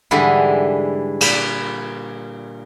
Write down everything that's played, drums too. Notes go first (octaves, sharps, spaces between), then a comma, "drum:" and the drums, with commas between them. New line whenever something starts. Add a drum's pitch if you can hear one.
G#2 D3 E3 G3 G#3 E4
A#2 B4, drum: cymbal